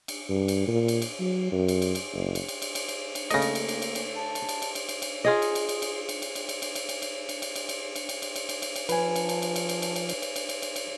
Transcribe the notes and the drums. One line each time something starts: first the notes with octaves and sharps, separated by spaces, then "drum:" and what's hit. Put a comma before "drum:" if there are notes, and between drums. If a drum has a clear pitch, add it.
drum: cymbal
G2
drum: cymbal
A#2
drum: cymbal
drum: cymbal
F#3
F#2
drum: cymbal
drum: cymbal
drum: cymbal
F#1
drum: cymbal
drum: cymbal
drum: cymbal
drum: cymbal
drum: cymbal
drum: cymbal
C#3 A3 A#3 D#5 A#6, drum: cymbal
drum: cymbal
drum: cymbal
drum: cymbal
drum: cymbal
drum: cymbal
A5
drum: cymbal
drum: cymbal
drum: cymbal
drum: cymbal
drum: cymbal
drum: cymbal
F4 G#4 D#5
drum: cymbal
drum: cymbal
drum: cymbal
drum: cymbal
drum: cymbal
drum: cymbal
drum: cymbal
drum: cymbal
drum: cymbal
drum: cymbal
drum: cymbal
drum: cymbal
drum: cymbal
drum: cymbal
drum: cymbal
drum: cymbal
drum: cymbal
drum: cymbal
drum: cymbal
drum: cymbal
drum: cymbal
drum: cymbal
drum: cymbal
F3 B4 G#5, drum: cymbal
drum: cymbal
drum: cymbal
drum: cymbal
drum: cymbal
drum: cymbal
drum: cymbal
drum: cymbal
drum: cymbal
drum: cymbal
drum: cymbal
drum: cymbal
drum: cymbal
drum: cymbal